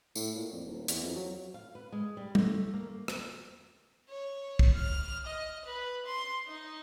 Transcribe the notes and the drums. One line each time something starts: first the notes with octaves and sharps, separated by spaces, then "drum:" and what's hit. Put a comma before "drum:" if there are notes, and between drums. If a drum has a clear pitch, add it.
A2, drum: tambourine
A#2
F2
D#1
E2, drum: hi-hat
F2
F#3
F5
B4
G#3
G3
A3, drum: tom G3
A#3
drum: rim click
C#5
drum: kick
F6
D#5
B4
C6
D#4